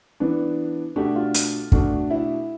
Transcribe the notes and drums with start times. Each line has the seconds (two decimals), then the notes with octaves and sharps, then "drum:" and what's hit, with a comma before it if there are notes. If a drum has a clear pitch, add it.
0.20 E3 B3 D4
0.96 B2 A3 D4 G4
1.16 F4
1.34 drum: hi-hat
1.72 B2 A3 D4, drum: kick
2.11 E4